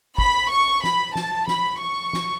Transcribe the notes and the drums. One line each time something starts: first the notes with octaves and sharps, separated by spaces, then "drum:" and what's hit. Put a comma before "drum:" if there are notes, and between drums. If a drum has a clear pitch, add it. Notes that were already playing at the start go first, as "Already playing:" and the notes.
B5, drum: kick
C#6
B5, drum: snare
A5, drum: snare
B5, drum: snare
C#6
drum: snare